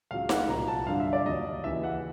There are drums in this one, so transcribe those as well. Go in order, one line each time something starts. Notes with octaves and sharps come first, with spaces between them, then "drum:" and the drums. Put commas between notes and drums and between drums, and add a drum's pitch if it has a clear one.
C#2 C#3 F#3 F5
F#5, drum: snare D#4
C2 A#2 F3 A#5
A5
G2 D3 F#3 F5
E5
D5
D#2 D#3 F#3 D#5
D#2 C#3 E3 E5
F#5